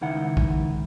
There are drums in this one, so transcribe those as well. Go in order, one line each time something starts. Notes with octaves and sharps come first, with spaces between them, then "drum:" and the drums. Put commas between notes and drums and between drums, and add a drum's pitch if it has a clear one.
C#2 D#3 E4 F#5
drum: kick